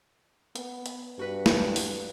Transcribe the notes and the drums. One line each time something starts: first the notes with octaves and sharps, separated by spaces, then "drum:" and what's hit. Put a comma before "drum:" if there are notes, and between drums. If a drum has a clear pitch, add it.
B3, drum: hi-hat
drum: hi-hat
G2 F#4 B4
drum: snare
drum: open hi-hat